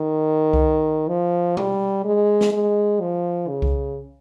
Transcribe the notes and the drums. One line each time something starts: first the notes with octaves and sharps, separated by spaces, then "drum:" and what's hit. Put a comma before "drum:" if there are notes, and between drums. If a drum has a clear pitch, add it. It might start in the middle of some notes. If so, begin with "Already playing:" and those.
Already playing: D#3
drum: kick C2
F3
G3, drum: tom
G#3
drum: snare
G#3
F3
C#3
drum: kick C2